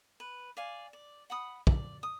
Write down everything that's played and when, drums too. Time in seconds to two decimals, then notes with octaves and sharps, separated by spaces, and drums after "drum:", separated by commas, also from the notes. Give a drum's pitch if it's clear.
0.20 B4
0.57 D5 F5 G#5
0.93 D5
1.30 F#5 B5 D#6
1.67 D5, drum: kick
2.03 D#6